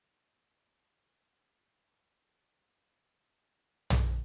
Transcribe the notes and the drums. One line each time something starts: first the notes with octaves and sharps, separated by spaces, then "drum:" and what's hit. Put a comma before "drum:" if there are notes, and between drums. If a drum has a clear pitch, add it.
F5
D#6
D#4
C6 G6 A#6 F7
drum: tom